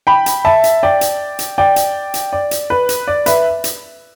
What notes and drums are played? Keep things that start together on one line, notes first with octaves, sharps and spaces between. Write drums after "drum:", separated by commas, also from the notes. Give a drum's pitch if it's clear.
G5 B5
drum: hi-hat
E5 A5
drum: hi-hat
D5 G5
drum: hi-hat
drum: hi-hat
D5 G5
drum: hi-hat
drum: hi-hat
D5
drum: hi-hat
B4
drum: hi-hat
D5
B4 E5, drum: hi-hat
drum: hi-hat